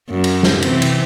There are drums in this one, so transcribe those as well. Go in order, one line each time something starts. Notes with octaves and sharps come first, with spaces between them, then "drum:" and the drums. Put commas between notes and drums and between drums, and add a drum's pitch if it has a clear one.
F#2
drum: cymbal
drum: snare
C3 E3 C4, drum: cymbal
drum: cymbal